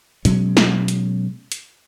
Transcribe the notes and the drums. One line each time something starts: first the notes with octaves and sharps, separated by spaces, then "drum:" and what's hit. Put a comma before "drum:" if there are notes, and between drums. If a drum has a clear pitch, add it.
B2 F#3 G#3 C#4, drum: hi-hat
drum: snare
drum: hi-hat
drum: hi-hat